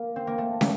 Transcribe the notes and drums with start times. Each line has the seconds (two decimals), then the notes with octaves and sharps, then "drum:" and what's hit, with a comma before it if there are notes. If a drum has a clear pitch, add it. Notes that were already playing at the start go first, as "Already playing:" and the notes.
Already playing: A#3
0.16 C4
0.27 A#3
0.38 A3
0.61 drum: snare